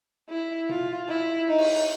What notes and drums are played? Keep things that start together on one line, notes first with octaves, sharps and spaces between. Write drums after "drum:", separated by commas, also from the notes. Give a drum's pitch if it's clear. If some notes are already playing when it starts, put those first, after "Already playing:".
E4
F4, drum: tom B2
E4
D#4
drum: cymbal